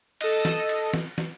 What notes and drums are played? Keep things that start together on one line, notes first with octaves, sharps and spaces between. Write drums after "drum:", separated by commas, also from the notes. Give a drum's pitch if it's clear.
A4 D#5, drum: cymbal
drum: snare
drum: cymbal
drum: snare
drum: snare